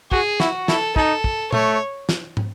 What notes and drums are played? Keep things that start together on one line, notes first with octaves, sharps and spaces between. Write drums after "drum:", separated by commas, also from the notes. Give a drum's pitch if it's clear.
F#4 G#4, drum: kick
E4 F#4, drum: snare
E4 A4, drum: snare
D#4 A4, drum: kick
drum: kick
A3 C#5, drum: tom A#2
drum: snare
drum: tom